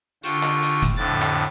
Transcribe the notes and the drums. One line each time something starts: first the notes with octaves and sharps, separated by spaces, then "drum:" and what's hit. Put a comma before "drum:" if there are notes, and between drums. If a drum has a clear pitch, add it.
D3 F4 G5 C#6, drum: hi-hat
drum: clap
drum: hi-hat
drum: kick F1, hi-hat
F2 A2 D3 A6
drum: clap